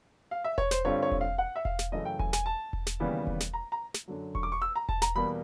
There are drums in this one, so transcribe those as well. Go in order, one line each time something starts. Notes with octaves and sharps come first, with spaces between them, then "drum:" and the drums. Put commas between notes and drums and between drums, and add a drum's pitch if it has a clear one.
F5
E5
C#5, drum: kick E1
C5, drum: snare
G2 D3 G3 C4 F4 C#5
C#5
drum: kick E1
F5
F#5
E5
F5, drum: kick E1
drum: snare
F#2 C#3 E3 A3 D#5
G5
G#5, drum: kick E1
G#5, drum: snare
A5
drum: kick E1
drum: snare
D#2 C#3 E3 G3 B3
drum: kick E1
drum: snare
A#5
A#5
drum: snare
F#2 D3 F#3
C#6, drum: kick E1
D6
C#6
E6
A#5
A5, drum: kick E1
A#5, drum: snare
E2 B2 G3 A#3 B5